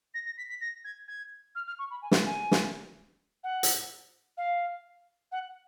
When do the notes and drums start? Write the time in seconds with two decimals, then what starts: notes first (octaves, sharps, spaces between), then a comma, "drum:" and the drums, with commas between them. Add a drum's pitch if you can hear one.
0.14 A#6
0.25 A#6
0.37 B6
0.49 B6
0.60 A#6
0.84 G#6
1.08 G#6
1.55 F6
1.66 F6
1.78 C#6
1.90 B5
2.02 G#5
2.11 drum: snare
2.25 G#5
2.51 drum: snare
3.43 F#5
3.63 drum: hi-hat
4.37 F5
5.31 F#5